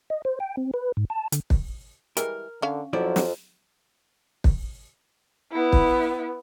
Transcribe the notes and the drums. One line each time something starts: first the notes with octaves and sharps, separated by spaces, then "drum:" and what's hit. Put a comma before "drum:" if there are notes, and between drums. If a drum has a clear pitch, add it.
D#5
C5
G5
C4
B4
G#2
A5
D3, drum: hi-hat
drum: kick
E3 G3 G#3 A#4, drum: hi-hat
D3 C#4 F5
F2 F3 F#3 E4 D5
drum: snare
drum: kick
B3 E4
drum: kick